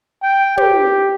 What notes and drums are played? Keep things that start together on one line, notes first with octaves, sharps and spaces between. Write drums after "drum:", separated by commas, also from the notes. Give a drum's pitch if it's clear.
G5
G4, drum: tom